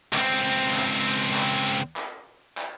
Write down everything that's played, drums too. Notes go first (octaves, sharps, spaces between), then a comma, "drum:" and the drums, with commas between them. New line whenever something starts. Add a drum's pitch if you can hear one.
C#2 C4, drum: clap
drum: clap
drum: clap
drum: clap
drum: clap